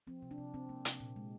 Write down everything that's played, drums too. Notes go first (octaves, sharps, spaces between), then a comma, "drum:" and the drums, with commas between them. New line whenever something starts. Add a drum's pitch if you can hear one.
F3 C4
C3
D4
C3
C3 C4
A#3
C3, drum: hi-hat
A#2
G#3